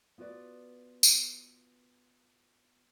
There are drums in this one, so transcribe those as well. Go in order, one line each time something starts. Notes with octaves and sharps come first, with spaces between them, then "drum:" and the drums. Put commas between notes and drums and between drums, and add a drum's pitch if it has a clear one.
B3 F4 F#4 B4 D5
drum: tambourine